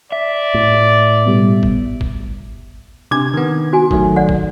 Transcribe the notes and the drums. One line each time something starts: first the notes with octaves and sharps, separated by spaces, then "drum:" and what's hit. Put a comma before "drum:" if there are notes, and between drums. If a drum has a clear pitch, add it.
D5 E5
A2
B2 G3 B3
drum: kick
drum: kick
C3 D4 D6 G#6
D#3 B3
F#4 G#5
D#3 F#3 A3, drum: kick
D5 F#5
drum: kick